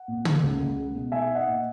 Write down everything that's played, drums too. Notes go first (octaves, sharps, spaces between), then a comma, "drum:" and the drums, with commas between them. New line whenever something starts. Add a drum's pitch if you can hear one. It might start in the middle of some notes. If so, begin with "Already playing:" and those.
Already playing: F#5
A#2
A#3, drum: tom
C#2
C#2
G#3
B2
D#4 E5 G#5
D#4
D#5 F#5
A#2